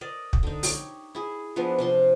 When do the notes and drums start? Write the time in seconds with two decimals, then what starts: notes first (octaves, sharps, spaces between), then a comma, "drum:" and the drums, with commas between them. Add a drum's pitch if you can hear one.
0.01 A#4 D5 D#5
0.33 drum: kick
0.43 D3 D#4
0.63 G4 C#5, drum: open hi-hat
1.15 E4 G#4
1.56 E3 F3 B3 D4
1.78 C3 F3 C6